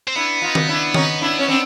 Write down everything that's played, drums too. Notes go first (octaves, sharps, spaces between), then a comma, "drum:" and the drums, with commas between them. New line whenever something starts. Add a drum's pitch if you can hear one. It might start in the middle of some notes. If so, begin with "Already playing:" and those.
C4
B3 D4 E4
D#4 F4
drum: tom D#3
D4 E4
C#4 D#4, drum: tom D#3
D4 E4
C#4
C4 D4